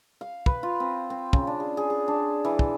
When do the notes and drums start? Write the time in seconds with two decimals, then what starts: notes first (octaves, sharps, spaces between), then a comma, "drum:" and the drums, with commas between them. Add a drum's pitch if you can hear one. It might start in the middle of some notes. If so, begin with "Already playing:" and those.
0.21 F5
0.46 B4, drum: kick
0.63 F4
0.80 C4
1.10 C4
1.33 C#3, drum: kick
1.47 D4
1.60 G#4
1.77 G#4
1.90 G#4
2.08 D4
2.45 E3
2.59 drum: kick